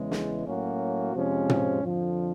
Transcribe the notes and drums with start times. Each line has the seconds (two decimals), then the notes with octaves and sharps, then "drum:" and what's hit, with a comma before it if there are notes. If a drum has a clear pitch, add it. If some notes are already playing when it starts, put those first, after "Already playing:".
Already playing: E2 C#3 E3 G#3
0.12 drum: snare
0.46 A2 F#3 A#3 C#4 F#4
1.14 F2 C3 F3 G#3 C#4
1.49 drum: tom
1.81 F2 D3 F3